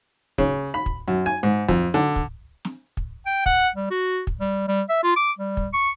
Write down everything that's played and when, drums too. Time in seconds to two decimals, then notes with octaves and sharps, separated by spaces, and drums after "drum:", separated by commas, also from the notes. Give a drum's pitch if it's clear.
0.38 C#3, drum: kick
0.74 B5
0.86 drum: kick
1.08 F#2
1.26 G#5
1.43 G#2
1.69 F2, drum: kick
1.94 D3
2.16 drum: kick
2.65 drum: snare
2.97 drum: kick
3.26 G5
3.46 F#5, drum: kick
3.76 G3
3.91 F#4
4.27 drum: kick
4.40 G3
4.68 G3
4.89 E5
5.04 F4
5.16 D6
5.38 G3
5.57 drum: kick
5.73 C#6